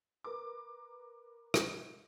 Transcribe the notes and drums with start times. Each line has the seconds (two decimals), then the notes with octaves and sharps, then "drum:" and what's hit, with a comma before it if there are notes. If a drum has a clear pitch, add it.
0.24 A#4 B4 D6
1.54 drum: rim click